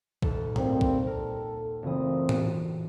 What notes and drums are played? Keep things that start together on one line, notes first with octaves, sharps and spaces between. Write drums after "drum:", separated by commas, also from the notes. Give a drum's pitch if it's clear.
D#1 A4, drum: kick
G3 A#3 C4, drum: tom G#2
drum: kick
A4 A#4
F#1 A#2 E3 A3 C4 D#6
drum: tom A2